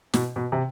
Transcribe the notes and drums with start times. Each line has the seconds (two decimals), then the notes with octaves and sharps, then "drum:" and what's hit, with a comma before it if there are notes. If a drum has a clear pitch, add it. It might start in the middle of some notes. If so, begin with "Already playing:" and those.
0.14 B2, drum: snare
0.36 B2
0.52 C3